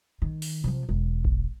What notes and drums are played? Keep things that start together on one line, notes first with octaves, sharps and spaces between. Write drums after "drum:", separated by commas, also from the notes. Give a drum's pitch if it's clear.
D#3
drum: open hi-hat
C3 F3
E1
drum: kick A#1